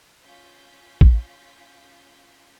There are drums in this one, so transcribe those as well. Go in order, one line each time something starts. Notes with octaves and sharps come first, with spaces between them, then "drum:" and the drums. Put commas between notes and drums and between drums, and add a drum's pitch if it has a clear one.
C#4 F4 F5 G6 B6
drum: kick